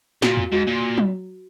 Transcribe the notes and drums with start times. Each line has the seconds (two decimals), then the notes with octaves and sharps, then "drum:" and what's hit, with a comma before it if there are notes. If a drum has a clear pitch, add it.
0.22 A#2 F#4, drum: snare
0.37 drum: tom E2
0.52 G#2 F#4
0.67 A#2
0.98 drum: tom F#3